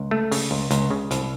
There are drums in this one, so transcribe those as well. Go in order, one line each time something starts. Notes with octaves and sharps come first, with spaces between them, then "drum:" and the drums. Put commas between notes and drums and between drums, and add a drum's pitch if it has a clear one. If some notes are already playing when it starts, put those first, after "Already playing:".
Already playing: C#2
A3
C#3, drum: open hi-hat
C#2
C#2, drum: hi-hat
C#3
C2, drum: hi-hat